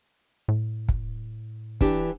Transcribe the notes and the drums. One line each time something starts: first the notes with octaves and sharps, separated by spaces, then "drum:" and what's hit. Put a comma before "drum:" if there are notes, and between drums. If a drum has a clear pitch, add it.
A2
drum: kick
E3 D4 G4, drum: kick